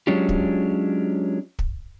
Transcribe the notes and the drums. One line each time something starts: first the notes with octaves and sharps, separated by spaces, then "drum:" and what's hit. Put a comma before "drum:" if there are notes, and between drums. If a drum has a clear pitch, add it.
F#3 G#3 C#4 D4 F4 G4
drum: kick
drum: kick